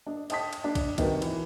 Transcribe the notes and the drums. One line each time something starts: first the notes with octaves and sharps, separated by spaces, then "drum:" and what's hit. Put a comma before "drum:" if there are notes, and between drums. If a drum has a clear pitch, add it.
D4 D#5
D#5 G5 A5 D#6 B6, drum: cymbal
drum: cymbal
D4
drum: kick, cymbal
C3 D#3 G3 F#4 B4, drum: kick, cymbal
E3, drum: cymbal